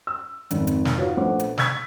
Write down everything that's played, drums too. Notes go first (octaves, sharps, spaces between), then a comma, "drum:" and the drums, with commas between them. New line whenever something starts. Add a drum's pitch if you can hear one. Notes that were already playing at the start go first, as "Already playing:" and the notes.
E6
G#1 F2, drum: hi-hat
drum: hi-hat
drum: snare
D#4 F4 F#4 B4 C#5 F5
A#1 A3 B3 C5 F#5 D6
drum: hi-hat
C#6 E6 G#6 B6, drum: snare